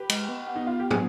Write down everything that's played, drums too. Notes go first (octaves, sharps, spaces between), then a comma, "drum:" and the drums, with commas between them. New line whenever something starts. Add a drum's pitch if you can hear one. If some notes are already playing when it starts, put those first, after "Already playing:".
Already playing: G4 B4
G#3, drum: cymbal
B3
B3
D#4
F4
G4
G#4, drum: tom